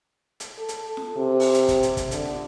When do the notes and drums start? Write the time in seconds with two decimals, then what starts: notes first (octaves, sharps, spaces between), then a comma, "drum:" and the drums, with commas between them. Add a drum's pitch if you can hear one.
0.40 drum: hi-hat
0.59 A4
0.68 drum: hi-hat
0.97 drum: snare
1.17 C3
1.40 drum: open hi-hat
1.54 drum: hi-hat
1.68 drum: kick, hi-hat
1.83 drum: hi-hat
1.97 drum: kick, hi-hat
2.11 D3, drum: hi-hat
2.25 drum: snare